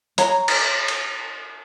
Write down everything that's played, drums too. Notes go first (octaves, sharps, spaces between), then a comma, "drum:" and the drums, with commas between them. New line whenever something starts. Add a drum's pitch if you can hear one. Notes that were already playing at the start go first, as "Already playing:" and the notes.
C#5 A#5, drum: hi-hat
drum: cymbal
drum: cymbal